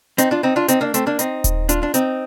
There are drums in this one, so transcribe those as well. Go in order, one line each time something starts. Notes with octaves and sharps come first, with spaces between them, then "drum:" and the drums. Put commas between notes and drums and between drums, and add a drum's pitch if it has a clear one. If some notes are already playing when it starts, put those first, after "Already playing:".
C4 D#4, drum: hi-hat
D4 F4
C4 D#4
D4 F4
C4 D#4, drum: hi-hat
A#3 D4
A3 C4, drum: hi-hat
A#3 D4
C4 D#4, drum: hi-hat
drum: kick D#1, hi-hat
D4 F4, drum: hi-hat
D4
C4 D#4, drum: hi-hat